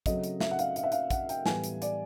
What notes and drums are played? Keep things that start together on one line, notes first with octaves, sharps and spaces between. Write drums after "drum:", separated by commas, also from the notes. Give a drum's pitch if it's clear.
C#3 F#3 A3 C4 D#5, drum: kick, hi-hat
drum: hi-hat
E5, drum: snare
F#5
F5, drum: hi-hat
F5, drum: hi-hat
E5
F5, drum: hi-hat
F#5, drum: kick, hi-hat
G5, drum: hi-hat
A2 E3 G3 B3 G#5, drum: snare
drum: hi-hat
D5, drum: hi-hat